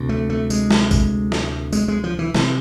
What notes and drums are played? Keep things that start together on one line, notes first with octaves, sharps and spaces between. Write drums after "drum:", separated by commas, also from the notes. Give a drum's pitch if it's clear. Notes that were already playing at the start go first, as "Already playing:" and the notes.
Already playing: D2 C3
A3
A3
G#3, drum: tambourine
drum: snare
drum: kick A1, tambourine
drum: snare
G#3, drum: tambourine
G#3
F3
E3
C3 E3, drum: snare